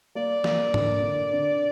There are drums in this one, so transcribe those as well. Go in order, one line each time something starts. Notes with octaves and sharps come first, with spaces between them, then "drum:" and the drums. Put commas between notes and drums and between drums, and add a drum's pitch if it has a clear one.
A#3 D5
A#3, drum: snare
D3, drum: tom G#2
D3
D3